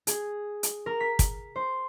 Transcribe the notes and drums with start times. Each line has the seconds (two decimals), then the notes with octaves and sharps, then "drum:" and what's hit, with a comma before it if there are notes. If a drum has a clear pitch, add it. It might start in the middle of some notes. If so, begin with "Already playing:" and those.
0.07 G#4, drum: hi-hat
0.63 drum: hi-hat
0.86 A#4
1.00 B6
1.19 drum: kick, hi-hat
1.56 C5